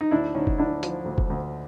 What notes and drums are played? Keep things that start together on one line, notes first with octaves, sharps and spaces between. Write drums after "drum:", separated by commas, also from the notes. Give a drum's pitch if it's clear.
D#4
D2 D4 E4
D2 C#4 D#4
drum: kick F1
D3 D4 E4
F3, drum: hi-hat
D2
drum: kick F1
D2